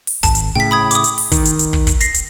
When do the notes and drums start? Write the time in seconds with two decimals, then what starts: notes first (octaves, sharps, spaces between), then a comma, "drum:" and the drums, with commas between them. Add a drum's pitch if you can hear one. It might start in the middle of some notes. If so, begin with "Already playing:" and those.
0.07 drum: open hi-hat
0.23 G#1 A5, drum: kick, hi-hat
0.35 drum: hi-hat
0.55 A2 C#3 G5 B6
0.71 B5 D#6 G#6
0.91 D6 D#6, drum: hi-hat
1.04 drum: hi-hat
1.18 drum: open hi-hat
1.32 D#3, drum: kick, hi-hat
1.45 drum: hi-hat
1.59 drum: hi-hat
1.73 drum: kick
1.87 drum: kick, hi-hat
2.01 A#6 C7, drum: hi-hat
2.14 drum: hi-hat